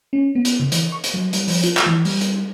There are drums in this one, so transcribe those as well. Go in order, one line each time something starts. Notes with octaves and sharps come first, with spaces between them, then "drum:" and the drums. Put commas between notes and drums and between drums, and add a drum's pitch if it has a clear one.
C#4
B3
drum: hi-hat
C#3
E3, drum: hi-hat
C#6
drum: hi-hat
F#3
G3, drum: hi-hat
F3, drum: open hi-hat
F4, drum: hi-hat
drum: clap
E3
G3, drum: open hi-hat
drum: hi-hat